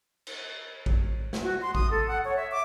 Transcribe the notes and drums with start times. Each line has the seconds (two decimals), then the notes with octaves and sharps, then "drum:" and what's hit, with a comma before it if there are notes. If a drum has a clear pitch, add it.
0.27 drum: cymbal
0.86 drum: kick A1
1.33 drum: snare
1.43 F#4
1.62 C6
1.75 D#6, drum: kick A1
1.91 A4
2.08 F#5
2.25 C#5
2.36 E5
2.52 D6